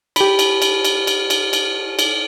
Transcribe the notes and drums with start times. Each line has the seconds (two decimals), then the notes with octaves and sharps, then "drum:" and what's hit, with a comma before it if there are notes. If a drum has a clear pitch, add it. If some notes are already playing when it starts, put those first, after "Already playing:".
0.16 G4 B5, drum: cymbal
0.39 drum: cymbal
0.62 drum: cymbal
0.85 drum: cymbal
1.07 drum: cymbal
1.30 drum: cymbal
1.53 drum: cymbal
1.99 drum: cymbal